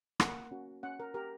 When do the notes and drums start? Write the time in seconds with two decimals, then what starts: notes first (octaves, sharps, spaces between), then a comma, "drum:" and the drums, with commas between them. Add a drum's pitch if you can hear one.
0.20 A#3 F#5, drum: rim click
0.51 C#4 F#4
0.83 C#4 F#5
1.00 A#4
1.14 G4 A#4